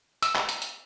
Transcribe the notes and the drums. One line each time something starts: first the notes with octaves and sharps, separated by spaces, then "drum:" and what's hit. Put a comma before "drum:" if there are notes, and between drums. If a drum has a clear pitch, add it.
E6, drum: hi-hat
drum: clap
drum: hi-hat
drum: hi-hat